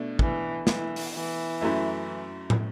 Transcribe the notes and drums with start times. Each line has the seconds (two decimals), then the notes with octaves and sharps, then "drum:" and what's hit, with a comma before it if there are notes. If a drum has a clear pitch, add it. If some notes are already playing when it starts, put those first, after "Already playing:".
Already playing: B2 A3 D4
0.19 E3, drum: kick
0.67 E3, drum: snare
0.96 drum: open hi-hat
1.14 E3
1.61 F#2 F#3 A3 E4
2.50 drum: tom